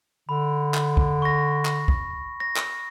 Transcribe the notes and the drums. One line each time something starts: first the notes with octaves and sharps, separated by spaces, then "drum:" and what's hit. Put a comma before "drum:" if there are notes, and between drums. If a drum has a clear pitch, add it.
D3 B5
drum: clap
drum: kick
C#6 A#6
drum: clap
drum: kick
A#6
drum: clap